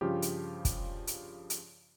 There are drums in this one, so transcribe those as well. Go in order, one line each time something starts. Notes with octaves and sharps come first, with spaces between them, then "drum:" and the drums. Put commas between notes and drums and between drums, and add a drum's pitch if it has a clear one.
G2 C#3 F3 F4 G4
drum: hi-hat
drum: kick, hi-hat
drum: hi-hat
drum: hi-hat